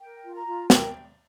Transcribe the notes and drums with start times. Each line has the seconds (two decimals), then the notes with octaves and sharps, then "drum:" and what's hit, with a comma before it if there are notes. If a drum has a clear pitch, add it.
0.01 A#4 G5
0.24 F4
0.35 A#5
0.47 F4
0.70 A#4 G5, drum: snare